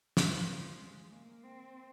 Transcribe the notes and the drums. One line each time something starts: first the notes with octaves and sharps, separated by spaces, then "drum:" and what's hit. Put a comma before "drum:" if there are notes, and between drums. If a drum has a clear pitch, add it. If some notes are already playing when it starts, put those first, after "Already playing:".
F3, drum: snare
F3
G#3
A#3
C4